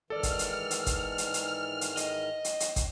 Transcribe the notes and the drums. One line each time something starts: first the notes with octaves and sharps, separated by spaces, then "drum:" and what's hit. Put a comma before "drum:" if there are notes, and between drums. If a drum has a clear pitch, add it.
G#2 D#3 E3 A4 D5 F6
drum: kick, hi-hat
drum: hi-hat
drum: hi-hat
drum: kick, hi-hat
drum: hi-hat
drum: hi-hat
drum: hi-hat
D#5, drum: hi-hat
drum: hi-hat
drum: hi-hat
drum: kick, hi-hat